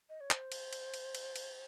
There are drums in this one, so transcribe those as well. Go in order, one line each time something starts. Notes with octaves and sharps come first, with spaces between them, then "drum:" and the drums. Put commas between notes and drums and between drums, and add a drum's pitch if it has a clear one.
D#5
C#5
C5, drum: clap
drum: cymbal
drum: cymbal
drum: cymbal
drum: cymbal
drum: cymbal